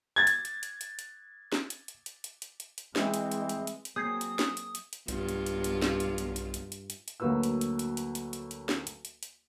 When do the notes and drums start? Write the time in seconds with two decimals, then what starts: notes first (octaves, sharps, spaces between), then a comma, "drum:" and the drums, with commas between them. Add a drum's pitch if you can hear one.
0.16 G#6 A6
0.27 drum: hi-hat
0.45 drum: hi-hat
0.63 drum: hi-hat
0.81 drum: hi-hat
0.99 drum: hi-hat
1.52 drum: snare
1.70 drum: hi-hat
1.88 drum: hi-hat
2.06 drum: hi-hat
2.24 drum: hi-hat
2.42 drum: hi-hat
2.60 drum: hi-hat
2.78 drum: hi-hat
2.96 E3 G#3 C4, drum: snare
3.14 drum: hi-hat
3.32 drum: hi-hat
3.49 drum: hi-hat
3.67 drum: hi-hat
3.85 drum: hi-hat
3.96 F#3 A#3 C4 G#4 D#6 G6 G#6 C7
4.21 drum: hi-hat
4.39 drum: snare
4.57 drum: hi-hat
4.75 drum: hi-hat
4.93 drum: hi-hat
5.08 B1 G2 F4, drum: hi-hat
5.29 drum: hi-hat
5.46 drum: hi-hat
5.64 drum: hi-hat
5.82 drum: snare
6.00 drum: hi-hat
6.18 drum: hi-hat
6.36 drum: hi-hat
6.54 drum: hi-hat
6.72 drum: hi-hat
6.90 drum: hi-hat
7.08 drum: hi-hat
7.20 D2 F#3 A#3 F#4 B4 E6
7.43 drum: hi-hat
7.61 drum: hi-hat
7.79 drum: hi-hat
7.97 drum: hi-hat
8.15 drum: hi-hat
8.33 drum: hi-hat
8.51 drum: hi-hat
8.69 drum: snare
8.87 drum: hi-hat
9.05 drum: hi-hat
9.23 drum: hi-hat